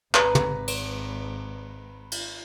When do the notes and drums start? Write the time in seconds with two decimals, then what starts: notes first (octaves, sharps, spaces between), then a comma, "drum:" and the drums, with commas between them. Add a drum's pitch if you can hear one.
0.15 G#1 B4 A#5, drum: clap
0.35 drum: tom
0.68 drum: cymbal
2.12 drum: cymbal